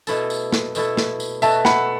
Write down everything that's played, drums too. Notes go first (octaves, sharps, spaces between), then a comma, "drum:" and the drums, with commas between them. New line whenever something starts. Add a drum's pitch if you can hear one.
B2 A3 E4 A4, drum: tambourine
drum: tambourine
drum: snare
B2 A3 E4 A4, drum: tambourine
drum: snare
drum: tambourine
B2 A3 F#4 E5 A5, drum: tambourine
F#5 B5, drum: snare